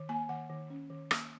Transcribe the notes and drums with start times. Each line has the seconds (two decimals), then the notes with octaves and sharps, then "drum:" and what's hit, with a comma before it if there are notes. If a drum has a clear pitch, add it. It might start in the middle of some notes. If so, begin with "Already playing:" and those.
Already playing: D#3
0.09 A#3 G#5
0.29 D#3 F#5
0.50 D#3
0.70 C#4
0.90 D#3
1.11 A#3, drum: rim click